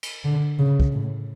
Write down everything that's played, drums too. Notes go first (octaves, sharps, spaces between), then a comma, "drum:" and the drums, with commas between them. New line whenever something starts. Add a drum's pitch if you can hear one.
drum: cymbal
D3
C#3
drum: kick
A2